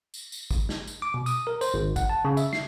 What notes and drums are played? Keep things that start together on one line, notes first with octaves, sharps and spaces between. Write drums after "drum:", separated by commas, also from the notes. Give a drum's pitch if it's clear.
drum: tambourine
drum: tambourine
drum: kick, tambourine
drum: snare
drum: tambourine
D6
B2
D#6, drum: tambourine
A#4
C5, drum: tambourine
G#1
F#5, drum: kick, tambourine
A5
C#3
E5, drum: tambourine
C7, drum: snare